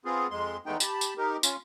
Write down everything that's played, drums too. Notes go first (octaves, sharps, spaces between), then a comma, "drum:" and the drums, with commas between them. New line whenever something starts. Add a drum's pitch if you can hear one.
B3 C4 F4 G#4
F2 G#3 C6
E2 G#3 A3 B3 D#4 G5
G4 A5 B5, drum: tambourine
drum: tambourine
D#4 G4 A#4
C#4 F4, drum: tambourine